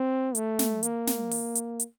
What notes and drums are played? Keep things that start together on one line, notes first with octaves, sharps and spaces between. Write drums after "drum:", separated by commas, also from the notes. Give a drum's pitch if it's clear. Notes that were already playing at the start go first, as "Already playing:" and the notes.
Already playing: C4
A3, drum: hi-hat
drum: snare
A#3, drum: hi-hat
drum: snare
drum: open hi-hat
drum: hi-hat
drum: hi-hat